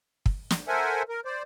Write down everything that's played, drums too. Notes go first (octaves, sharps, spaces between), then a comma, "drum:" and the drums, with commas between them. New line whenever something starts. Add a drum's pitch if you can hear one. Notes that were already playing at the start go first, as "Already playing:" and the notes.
drum: kick
drum: snare
A4 A#4 C5 E5 F#5 G#5
A#4
C5 D5